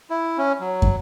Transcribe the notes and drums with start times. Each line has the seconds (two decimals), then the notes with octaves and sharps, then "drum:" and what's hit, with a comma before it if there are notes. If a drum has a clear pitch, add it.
0.10 E4
0.38 C#4
0.60 F#3
0.82 drum: kick